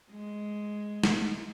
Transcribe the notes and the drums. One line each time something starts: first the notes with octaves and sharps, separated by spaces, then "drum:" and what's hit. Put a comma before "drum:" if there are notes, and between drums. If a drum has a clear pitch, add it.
G#3
drum: snare